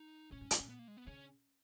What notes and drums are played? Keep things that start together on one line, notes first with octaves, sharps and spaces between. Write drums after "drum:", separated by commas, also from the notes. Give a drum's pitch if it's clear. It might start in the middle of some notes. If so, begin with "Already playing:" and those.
Already playing: D#4
A#2 C#4
G#2
B2, drum: hi-hat
A#2
B3
A#3
G#3
B3
C#3 C#4